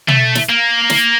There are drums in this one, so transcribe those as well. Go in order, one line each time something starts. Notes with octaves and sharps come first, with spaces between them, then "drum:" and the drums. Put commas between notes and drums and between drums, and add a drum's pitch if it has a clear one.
A3, drum: tom
drum: snare
A#3
drum: snare